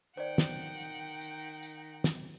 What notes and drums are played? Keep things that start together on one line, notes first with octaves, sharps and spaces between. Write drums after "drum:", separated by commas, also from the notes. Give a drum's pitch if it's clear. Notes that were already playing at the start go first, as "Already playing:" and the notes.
D#3 C5 D5 F#5 G5
drum: snare
drum: tambourine
drum: tambourine
drum: tambourine
drum: snare